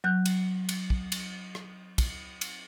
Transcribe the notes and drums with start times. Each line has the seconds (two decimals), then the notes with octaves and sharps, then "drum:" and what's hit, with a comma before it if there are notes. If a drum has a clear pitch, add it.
0.04 F#3 F#6 G6
0.26 drum: cymbal
0.69 drum: cymbal
0.90 drum: kick
1.12 drum: cymbal
1.55 drum: rim click
1.98 drum: kick, cymbal
2.41 drum: cymbal